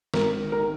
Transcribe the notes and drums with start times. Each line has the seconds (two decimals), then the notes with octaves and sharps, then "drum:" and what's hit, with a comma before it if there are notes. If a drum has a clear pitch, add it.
0.14 G#1 A#4, drum: snare
0.52 D#3 A#4